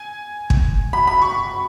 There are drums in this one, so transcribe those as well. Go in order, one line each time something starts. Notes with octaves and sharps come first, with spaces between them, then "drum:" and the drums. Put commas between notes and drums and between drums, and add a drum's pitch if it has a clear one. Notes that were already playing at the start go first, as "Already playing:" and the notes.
Already playing: G#5
drum: kick
B5
B5
C#6